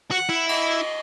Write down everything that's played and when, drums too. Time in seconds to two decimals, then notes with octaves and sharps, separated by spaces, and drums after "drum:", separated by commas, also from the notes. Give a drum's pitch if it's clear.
0.11 F#4 F#5
0.29 E4
0.49 D#5, drum: cymbal